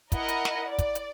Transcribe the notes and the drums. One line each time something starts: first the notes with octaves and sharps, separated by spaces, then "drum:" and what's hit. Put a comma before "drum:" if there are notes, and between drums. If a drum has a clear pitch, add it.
E4 A#4 D#5 F#5, drum: kick, hi-hat
drum: hi-hat
drum: snare
D5
drum: kick, hi-hat
drum: hi-hat